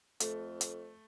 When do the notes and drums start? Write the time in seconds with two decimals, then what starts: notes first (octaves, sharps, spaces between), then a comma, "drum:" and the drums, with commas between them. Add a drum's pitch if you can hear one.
0.20 F2 A3, drum: hi-hat
0.61 drum: hi-hat